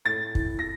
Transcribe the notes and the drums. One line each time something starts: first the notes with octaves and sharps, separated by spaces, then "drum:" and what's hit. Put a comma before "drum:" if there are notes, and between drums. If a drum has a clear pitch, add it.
A2 A6
E3, drum: kick
A#6